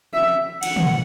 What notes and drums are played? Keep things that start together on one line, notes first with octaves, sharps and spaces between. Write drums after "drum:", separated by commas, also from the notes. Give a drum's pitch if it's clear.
E5
F#5, drum: cymbal
drum: tom